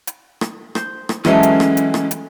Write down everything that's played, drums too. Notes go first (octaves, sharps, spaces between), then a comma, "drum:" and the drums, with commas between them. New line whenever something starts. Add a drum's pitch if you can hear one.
drum: hi-hat
drum: rim click
C5, drum: rim click
drum: rim click
E3 F#3 G#3 A3 C#4 E4, drum: rim click
drum: hi-hat
drum: rim click
drum: hi-hat
drum: rim click
drum: hi-hat